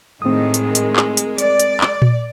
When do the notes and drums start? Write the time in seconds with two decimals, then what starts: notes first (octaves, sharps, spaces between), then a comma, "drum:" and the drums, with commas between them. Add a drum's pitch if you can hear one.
0.22 A2 D#3 G#3 C4 A#4 D#6
0.54 drum: hi-hat
0.75 drum: hi-hat
0.96 drum: clap
1.17 drum: hi-hat
1.38 D5, drum: hi-hat
1.60 drum: hi-hat
1.81 drum: clap
2.02 drum: tom A#2